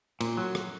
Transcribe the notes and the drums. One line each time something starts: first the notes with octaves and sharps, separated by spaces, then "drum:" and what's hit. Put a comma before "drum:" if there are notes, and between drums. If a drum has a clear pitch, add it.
A#2, drum: cymbal
F#3
drum: rim click